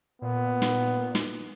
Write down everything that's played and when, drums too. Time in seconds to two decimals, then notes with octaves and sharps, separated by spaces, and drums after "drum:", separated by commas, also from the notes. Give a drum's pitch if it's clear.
0.22 A#2 B3
0.62 drum: snare
1.15 drum: snare